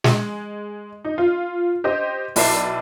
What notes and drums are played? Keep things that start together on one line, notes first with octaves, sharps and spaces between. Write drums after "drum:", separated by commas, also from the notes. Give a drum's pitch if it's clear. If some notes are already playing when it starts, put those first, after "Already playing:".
G#3, drum: snare
D#4
F4
G4 C5 D#5
B1 E4 B4 D5 A5 C7, drum: open hi-hat